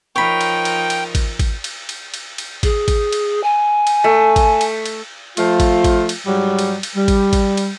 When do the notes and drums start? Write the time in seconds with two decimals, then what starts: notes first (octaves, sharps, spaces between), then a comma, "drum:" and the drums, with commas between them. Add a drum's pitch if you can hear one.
0.16 F3 D#4 A#4 C#5 G5 B5
0.41 drum: cymbal
0.65 drum: cymbal
0.90 drum: cymbal
1.15 drum: kick G#1, cymbal
1.39 drum: kick G#1, cymbal
1.64 drum: cymbal
1.89 drum: cymbal
2.14 drum: cymbal
2.38 drum: cymbal
2.63 G#4, drum: kick G#1, cymbal
2.88 drum: kick G#1, cymbal
3.12 drum: cymbal
3.43 G#5
3.87 drum: cymbal
4.04 A3
4.36 drum: kick G#1, cymbal
4.61 drum: cymbal
4.86 drum: cymbal
5.37 F3 A3 F4, drum: cymbal
5.60 drum: kick G#1, cymbal
5.84 drum: kick G#1, cymbal
6.09 drum: cymbal
6.26 G#2 F#3 G3
6.59 drum: cymbal
6.83 drum: cymbal
6.96 G3
7.08 drum: kick G#1, cymbal
7.33 drum: kick G#1, cymbal
7.57 drum: cymbal